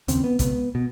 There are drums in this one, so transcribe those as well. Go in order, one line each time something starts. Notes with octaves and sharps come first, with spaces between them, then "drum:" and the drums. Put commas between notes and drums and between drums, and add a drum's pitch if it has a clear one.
D#2 C#3 C4, drum: hi-hat
B3
C#2 B2 B3, drum: kick A1, hi-hat
B2